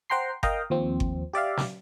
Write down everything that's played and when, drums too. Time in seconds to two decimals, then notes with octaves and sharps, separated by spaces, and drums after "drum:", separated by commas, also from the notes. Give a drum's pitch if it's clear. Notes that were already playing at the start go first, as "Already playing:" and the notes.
0.10 C5 F#5 G5 A#5 C6 C7
0.43 A#4 D#5 F5 G5 A#5, drum: kick G1
0.70 D#2 F3 C4
1.00 drum: kick G1
1.33 G4 D5 E5 F5
1.57 drum: snare